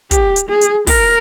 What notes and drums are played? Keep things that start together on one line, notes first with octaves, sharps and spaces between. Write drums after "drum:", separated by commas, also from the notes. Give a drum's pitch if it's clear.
G4, drum: kick, hi-hat
drum: hi-hat
G#4
drum: hi-hat
A#4, drum: kick, open hi-hat